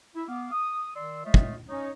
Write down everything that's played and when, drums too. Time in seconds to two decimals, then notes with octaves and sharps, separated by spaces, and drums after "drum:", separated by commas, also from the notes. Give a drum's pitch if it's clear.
0.16 E4
0.28 B3 F5 D6
0.52 D#6
0.96 D#3 D5 C6 E6
1.25 G#3 A3 F4 C#5 D#5 E5
1.34 drum: kick
1.69 C#4 D#4 C#5